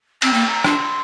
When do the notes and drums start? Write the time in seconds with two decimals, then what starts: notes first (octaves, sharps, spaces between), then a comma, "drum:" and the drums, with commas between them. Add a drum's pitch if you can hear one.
0.22 C4, drum: cymbal
0.32 A#3 G5
0.48 A#5
0.64 D4 C6, drum: rim click